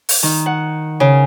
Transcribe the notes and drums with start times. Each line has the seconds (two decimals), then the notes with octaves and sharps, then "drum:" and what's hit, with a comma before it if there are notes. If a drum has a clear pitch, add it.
0.09 drum: open hi-hat
0.23 D#3
0.46 F#5
1.00 C#3